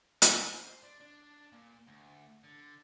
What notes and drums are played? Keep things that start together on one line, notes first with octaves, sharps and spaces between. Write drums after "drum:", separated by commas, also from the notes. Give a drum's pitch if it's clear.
A#4, drum: hi-hat
C5
D4
D4
A#2
D2
D3